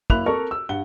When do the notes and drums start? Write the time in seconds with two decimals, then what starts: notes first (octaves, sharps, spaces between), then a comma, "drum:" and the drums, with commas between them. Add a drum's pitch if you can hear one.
0.10 F#1 A#3 E4 B5 F#6 F7, drum: kick
0.26 C4 A4 A#4 C#6
0.51 E6
0.69 G2 F#5 G7